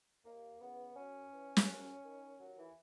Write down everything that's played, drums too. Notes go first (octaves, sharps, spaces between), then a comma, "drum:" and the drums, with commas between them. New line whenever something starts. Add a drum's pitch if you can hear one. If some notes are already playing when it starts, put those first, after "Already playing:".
D#2 A#3
C#3 E3 B3
F#2 C#4
E3
drum: snare
F#2
D#3
D#2 F#3
E3